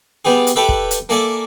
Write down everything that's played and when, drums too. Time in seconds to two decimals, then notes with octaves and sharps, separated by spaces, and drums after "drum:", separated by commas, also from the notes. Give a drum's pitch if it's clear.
0.25 G3 B3 G4 G#4
0.47 drum: hi-hat
0.56 G4 A4 B4 D5 E5
0.69 drum: kick
0.91 drum: hi-hat
1.09 A#3 A4 D5 E5 G#5 D6